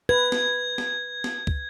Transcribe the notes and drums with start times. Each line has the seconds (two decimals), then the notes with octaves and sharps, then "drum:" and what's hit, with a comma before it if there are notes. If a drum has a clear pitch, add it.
0.09 B4 G#6
0.32 drum: snare
0.78 drum: snare
1.24 drum: snare
1.47 drum: kick